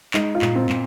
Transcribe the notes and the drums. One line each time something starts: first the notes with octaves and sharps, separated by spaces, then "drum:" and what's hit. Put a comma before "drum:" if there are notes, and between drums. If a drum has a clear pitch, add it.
G#3 D#4, drum: clap
F4
A#2, drum: clap
C4
A#2, drum: clap